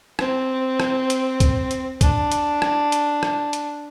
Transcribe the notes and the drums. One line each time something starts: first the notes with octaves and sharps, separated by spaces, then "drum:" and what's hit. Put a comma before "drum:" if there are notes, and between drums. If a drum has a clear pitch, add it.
C4, drum: rim click
drum: rim click
drum: hi-hat
drum: kick C2, hi-hat
drum: hi-hat
D4, drum: kick C2, hi-hat
drum: hi-hat
drum: rim click
drum: hi-hat
drum: rim click
drum: hi-hat